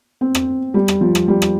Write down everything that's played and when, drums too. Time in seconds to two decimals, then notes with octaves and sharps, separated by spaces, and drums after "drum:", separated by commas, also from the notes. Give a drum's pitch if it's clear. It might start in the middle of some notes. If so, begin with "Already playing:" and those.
0.21 C4
0.35 drum: rim click
0.74 G3
0.88 drum: rim click
1.01 F3
1.15 drum: rim click
1.28 G3
1.42 drum: rim click